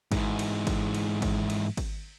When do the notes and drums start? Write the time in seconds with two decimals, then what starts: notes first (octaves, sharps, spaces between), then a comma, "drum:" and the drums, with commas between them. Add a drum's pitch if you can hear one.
0.12 G#2 E3, drum: kick G#1, cymbal
0.39 drum: cymbal
0.67 drum: kick G#1, cymbal
0.94 drum: cymbal
1.22 drum: kick G#1, cymbal
1.50 drum: cymbal
1.77 drum: kick G#1, cymbal